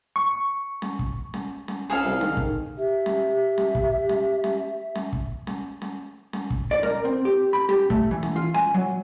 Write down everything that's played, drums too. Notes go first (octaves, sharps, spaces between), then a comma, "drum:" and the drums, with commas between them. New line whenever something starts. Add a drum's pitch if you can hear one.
C#6
drum: snare C#4
drum: kick
drum: snare C#4
drum: snare C#4
C#2 G#4 A4 F5
C2
D#3, drum: snare C#4
drum: kick
G4 E5
drum: snare C#4
drum: snare C#4
drum: kick
drum: snare C#4
drum: snare C#4
drum: snare C#4
drum: kick
drum: snare C#4
drum: snare C#4
drum: snare C#4
drum: kick
D5
A#4, drum: snare C#4
C4
G4
B5
G4, drum: snare C#4
A3, drum: kick
E3
drum: snare C#4
F4
G#5, drum: snare C#4
F#3